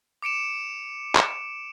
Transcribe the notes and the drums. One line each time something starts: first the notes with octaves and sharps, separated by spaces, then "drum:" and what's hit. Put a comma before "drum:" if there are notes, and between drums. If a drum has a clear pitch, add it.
D6 C#7 D7 E7
drum: clap